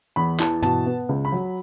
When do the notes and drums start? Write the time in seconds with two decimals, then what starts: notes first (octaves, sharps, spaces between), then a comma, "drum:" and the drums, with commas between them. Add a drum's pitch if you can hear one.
0.16 E2 B5
0.40 E3 A5, drum: clap
0.63 B2 A5, drum: tom
0.86 B3
1.09 C#2
1.25 B5
1.32 F#3